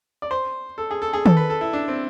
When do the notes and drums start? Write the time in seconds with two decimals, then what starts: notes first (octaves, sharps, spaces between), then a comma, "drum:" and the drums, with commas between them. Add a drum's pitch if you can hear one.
0.22 D5
0.31 C5
0.78 A4
0.91 G#4
1.02 A4
1.13 G#4
1.26 A4, drum: tom D#3
1.37 B4
1.50 A4
1.61 E4
1.73 D4
1.88 C4